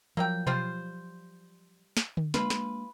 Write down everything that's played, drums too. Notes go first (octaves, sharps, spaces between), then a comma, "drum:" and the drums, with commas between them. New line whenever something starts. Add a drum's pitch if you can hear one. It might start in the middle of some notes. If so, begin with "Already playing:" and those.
F3 F#3 A#3 E5 G5
G3 F4 C5, drum: tom B2
drum: snare
drum: tom D3
G#3 A#3 D4 F4 B4, drum: snare
drum: snare